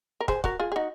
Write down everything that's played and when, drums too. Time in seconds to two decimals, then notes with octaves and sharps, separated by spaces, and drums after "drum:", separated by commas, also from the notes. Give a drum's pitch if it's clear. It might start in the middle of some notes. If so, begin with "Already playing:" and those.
0.21 A#4
0.28 G#4 C5, drum: kick
0.44 F#4 A#4, drum: kick
0.60 F4 G#4
0.72 G#4
0.76 D#4 F#4